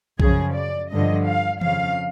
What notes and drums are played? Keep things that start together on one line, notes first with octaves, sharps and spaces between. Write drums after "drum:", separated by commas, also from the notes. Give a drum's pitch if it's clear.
F#2 C#3 F3 G#4, drum: kick B1
D5
G2 D3 F3 D#5
F5
F2 C#3 F3 F5, drum: tom D#3